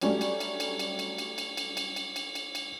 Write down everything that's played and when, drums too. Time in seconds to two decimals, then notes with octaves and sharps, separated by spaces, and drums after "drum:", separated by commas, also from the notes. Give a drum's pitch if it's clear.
0.01 F#3 G3 A3 C#4 D4 G4, drum: cymbal
0.21 drum: cymbal
0.40 drum: cymbal
0.60 drum: cymbal
0.79 drum: cymbal
0.99 drum: cymbal
1.18 drum: cymbal
1.38 drum: cymbal
1.57 drum: cymbal
1.77 drum: cymbal
1.96 drum: cymbal
2.16 drum: cymbal
2.35 drum: cymbal
2.55 drum: cymbal